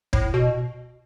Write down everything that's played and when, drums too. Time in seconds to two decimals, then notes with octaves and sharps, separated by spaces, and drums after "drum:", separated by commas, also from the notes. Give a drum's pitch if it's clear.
0.13 A2, drum: kick
0.34 B2